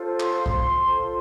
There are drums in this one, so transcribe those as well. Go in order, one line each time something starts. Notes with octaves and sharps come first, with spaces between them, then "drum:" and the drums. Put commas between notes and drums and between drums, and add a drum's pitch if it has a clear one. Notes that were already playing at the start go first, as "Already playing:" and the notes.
Already playing: F4 A4 C5
C6, drum: clap
drum: kick
F4 A4 C5